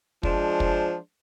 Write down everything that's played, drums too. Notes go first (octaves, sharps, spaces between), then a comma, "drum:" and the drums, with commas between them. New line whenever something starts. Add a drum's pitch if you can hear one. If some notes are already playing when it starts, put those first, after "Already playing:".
F3 G#3 D4 C5, drum: kick
drum: kick